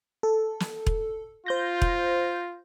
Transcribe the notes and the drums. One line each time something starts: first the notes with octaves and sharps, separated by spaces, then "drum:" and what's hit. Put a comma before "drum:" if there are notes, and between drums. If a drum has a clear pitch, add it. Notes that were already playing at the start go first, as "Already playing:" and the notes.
A4
drum: snare
drum: kick E1
F4 C5 G6 A#6
drum: kick E1